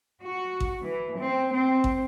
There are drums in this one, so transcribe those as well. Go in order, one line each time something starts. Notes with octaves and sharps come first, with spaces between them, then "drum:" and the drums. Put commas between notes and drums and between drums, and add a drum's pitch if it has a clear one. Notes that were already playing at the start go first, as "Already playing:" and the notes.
F#4
drum: kick A1
E3
C4
C4
drum: kick A1